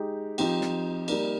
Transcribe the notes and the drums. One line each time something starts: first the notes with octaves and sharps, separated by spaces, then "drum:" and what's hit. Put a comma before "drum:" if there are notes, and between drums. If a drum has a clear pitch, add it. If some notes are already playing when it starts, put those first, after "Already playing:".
Already playing: G#3 D#4 G4
F3 C4 D#4 G4, drum: cymbal
drum: snare
G3 A#3 D#4 A#4 D5, drum: cymbal